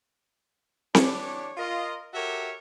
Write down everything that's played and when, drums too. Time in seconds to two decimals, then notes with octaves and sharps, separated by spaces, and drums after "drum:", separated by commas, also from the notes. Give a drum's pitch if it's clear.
0.95 E3 D4 G4 C#5, drum: snare C4
1.57 F4 A#4 D#5
2.13 F#4 G4 A4 A#4 C#5 E5